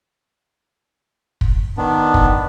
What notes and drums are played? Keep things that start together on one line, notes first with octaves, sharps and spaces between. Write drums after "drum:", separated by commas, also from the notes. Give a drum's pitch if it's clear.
drum: kick
D#3 B3 D4
drum: kick